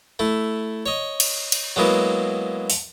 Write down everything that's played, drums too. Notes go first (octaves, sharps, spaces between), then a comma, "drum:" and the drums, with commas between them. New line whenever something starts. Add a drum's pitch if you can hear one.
A3 E4
C#5 D#5
drum: cymbal
drum: cymbal
F#3 G#3 A#3 B3 E4
drum: open hi-hat